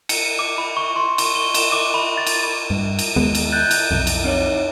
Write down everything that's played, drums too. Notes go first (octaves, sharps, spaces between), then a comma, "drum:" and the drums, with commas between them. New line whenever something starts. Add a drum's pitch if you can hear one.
C#7, drum: cymbal
D6
B5
C#6
C6
C#6, drum: cymbal
G7
E7, drum: cymbal
D6
B5
A6
drum: cymbal
G2
drum: cymbal
D#2 G#3 B3
drum: cymbal
F#6 G6 A6
drum: cymbal
B1 F2
drum: cymbal
C4 D#4 C#5